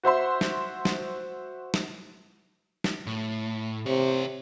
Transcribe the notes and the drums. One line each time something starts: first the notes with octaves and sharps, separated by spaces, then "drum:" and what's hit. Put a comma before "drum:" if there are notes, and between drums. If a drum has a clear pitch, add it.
F#4 C5 E5 C6
drum: snare
drum: snare
drum: snare
drum: snare
A2
C3 G4 C#5